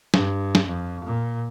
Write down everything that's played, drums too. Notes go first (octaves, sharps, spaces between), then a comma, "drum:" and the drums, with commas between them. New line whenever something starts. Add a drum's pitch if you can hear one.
G2, drum: snare
drum: snare
F2
A#2